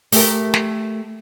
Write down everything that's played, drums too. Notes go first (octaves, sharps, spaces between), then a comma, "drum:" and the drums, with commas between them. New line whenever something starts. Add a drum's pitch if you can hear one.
A3 G4 A#4, drum: open hi-hat
drum: snare